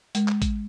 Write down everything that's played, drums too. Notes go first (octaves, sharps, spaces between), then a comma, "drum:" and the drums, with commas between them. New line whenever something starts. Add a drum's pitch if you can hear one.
G#3, drum: hi-hat
drum: clap
drum: kick A1, hi-hat